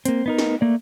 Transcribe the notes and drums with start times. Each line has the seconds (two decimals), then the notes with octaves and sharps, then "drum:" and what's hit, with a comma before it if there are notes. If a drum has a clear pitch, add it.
0.05 A#3 C4, drum: hi-hat
0.26 B3 D#4 A#4
0.38 drum: snare
0.61 A3 A#3 D5